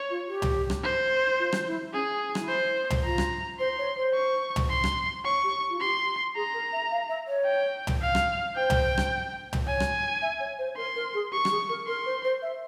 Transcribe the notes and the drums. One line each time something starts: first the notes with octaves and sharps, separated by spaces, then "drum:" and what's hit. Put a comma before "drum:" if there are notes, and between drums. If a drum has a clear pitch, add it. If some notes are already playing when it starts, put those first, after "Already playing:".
Already playing: C#5
F4
G4
drum: tom
drum: rim click
C5
F4
drum: rim click
E4
C#4 G#4
E4, drum: rim click
C5
drum: tom
F4 A#5
drum: rim click
C5 C6
C#5
C5
C#6
drum: tom
C6
drum: rim click
C#5 C#6
G4
F4
G4 C6
G#4 A#5
A#4
E5
F5
E5
C#5
G5
drum: tom
F5
drum: rim click
C5 G5
drum: tom
drum: rim click
drum: tom
C#5 G#5
drum: rim click
E5
C#5
C5
A#4 C6
A#4
G#4
G4 C#6
G4, drum: rim click
G#4
A#4
A#4 C6
C5
C5
E5